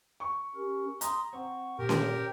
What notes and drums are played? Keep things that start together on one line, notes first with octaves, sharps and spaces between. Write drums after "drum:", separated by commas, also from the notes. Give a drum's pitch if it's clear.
C#6
C#4 G4 A#4
A#5 C6 D#6, drum: hi-hat
C4 F#5 C#6
A#2 G4 A#4 C5
drum: snare C#4